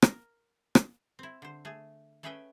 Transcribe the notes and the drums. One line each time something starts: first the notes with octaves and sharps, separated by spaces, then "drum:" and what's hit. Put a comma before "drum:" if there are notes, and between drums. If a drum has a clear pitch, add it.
A#4, drum: rim click
drum: rim click
C4 E4
D3 C5
A3 G#4
A3 C#4 G#4 B4 E5 G5